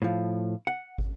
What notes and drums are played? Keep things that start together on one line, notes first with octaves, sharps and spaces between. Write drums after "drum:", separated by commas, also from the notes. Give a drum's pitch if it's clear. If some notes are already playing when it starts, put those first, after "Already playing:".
A2 F3
F#5
drum: kick